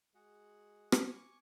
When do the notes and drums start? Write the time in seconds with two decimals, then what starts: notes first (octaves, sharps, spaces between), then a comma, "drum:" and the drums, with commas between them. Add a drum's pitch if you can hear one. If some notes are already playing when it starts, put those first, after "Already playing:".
0.15 G#3 F#4 G#4 F#5
0.92 G#5 C#6 D6, drum: rim click